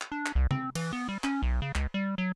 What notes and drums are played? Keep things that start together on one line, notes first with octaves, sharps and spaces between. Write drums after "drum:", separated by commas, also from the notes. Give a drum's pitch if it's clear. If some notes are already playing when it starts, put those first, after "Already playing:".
drum: clap
D4
drum: clap
C2
C4, drum: tom C3
E3, drum: cymbal
B3
G3
C#4, drum: clap
B1
C#3
C#2, drum: clap
G3
F#3